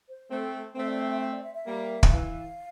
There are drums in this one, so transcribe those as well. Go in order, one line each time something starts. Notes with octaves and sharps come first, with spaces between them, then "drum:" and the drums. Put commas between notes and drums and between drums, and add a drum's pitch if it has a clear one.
C5
A3 C4
A3 C4 E5
D5
E5
E5
E5
D5
E5
E5
G3 A#3
drum: kick
E3 F5